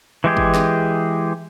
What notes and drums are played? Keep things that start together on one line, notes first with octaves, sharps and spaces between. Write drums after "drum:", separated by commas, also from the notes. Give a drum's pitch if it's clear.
E3 G#3 G4 G#4
drum: kick G1
drum: snare